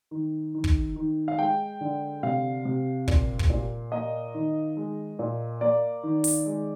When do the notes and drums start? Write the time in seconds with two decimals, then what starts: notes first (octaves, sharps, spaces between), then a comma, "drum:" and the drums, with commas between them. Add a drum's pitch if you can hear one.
0.11 D#3
0.55 D#3
0.64 drum: kick
0.96 D#3
1.28 F5
1.38 G#3 G5
1.81 D3
2.23 C3 F5
2.65 C3
3.08 A#2, drum: kick
3.39 drum: kick
3.50 A#2
3.92 A#3 D#5
4.34 D#3
4.77 G#3
5.19 A#2
5.61 A#3 D5
6.03 D#3
6.24 drum: open hi-hat
6.46 G#3